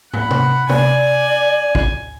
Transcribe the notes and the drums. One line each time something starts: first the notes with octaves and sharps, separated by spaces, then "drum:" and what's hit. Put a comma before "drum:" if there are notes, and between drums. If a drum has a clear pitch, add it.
F#5 B5, drum: tom
drum: tom C3
D5 G#5, drum: tom C3
drum: kick